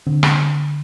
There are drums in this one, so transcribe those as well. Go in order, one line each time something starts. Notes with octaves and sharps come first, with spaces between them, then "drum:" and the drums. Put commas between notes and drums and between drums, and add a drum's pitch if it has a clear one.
D3 C4
drum: rim click